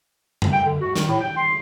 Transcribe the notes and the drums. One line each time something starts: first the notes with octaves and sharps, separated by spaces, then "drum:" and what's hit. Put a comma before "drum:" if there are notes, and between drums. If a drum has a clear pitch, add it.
drum: tom F2
G5
D3
F#4
D#3, drum: snare
A2
G5
C6